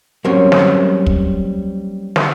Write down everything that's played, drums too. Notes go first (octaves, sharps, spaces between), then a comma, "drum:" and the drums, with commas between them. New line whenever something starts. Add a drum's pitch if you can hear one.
F#3 G3 A#3 C4 C#4
drum: snare
drum: kick
drum: snare